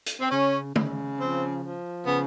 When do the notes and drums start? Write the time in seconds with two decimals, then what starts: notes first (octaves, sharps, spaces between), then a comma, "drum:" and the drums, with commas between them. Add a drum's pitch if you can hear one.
0.06 drum: hi-hat
0.21 C4
0.31 C#3 C#4
0.76 C#3, drum: tom
1.18 F3 C4
1.62 F3
2.06 C#3 B3